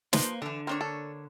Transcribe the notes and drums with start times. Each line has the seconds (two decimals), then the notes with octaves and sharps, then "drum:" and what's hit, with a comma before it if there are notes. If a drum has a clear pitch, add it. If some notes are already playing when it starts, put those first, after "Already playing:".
0.13 F3 A#3 B4 C5, drum: snare
0.42 D3 E3 D4 A4
0.67 A#3 C4 D4 C#5
0.81 A4